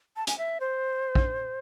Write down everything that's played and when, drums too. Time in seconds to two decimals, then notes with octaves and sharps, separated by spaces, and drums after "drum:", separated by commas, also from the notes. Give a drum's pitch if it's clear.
0.17 A5
0.27 G#5, drum: hi-hat
0.38 E5
0.60 C5
1.15 drum: kick